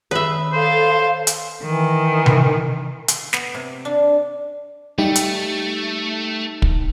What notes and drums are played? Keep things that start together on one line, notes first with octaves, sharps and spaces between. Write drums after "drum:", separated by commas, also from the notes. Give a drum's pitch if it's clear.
D#3 B4 C#5 E5 D#6
A4 C5 F5
drum: hi-hat
D#3 E3
drum: tom C3
C6, drum: hi-hat
B3, drum: snare
C3
D4
G3 A3 D#4 E5 G5
drum: hi-hat
drum: kick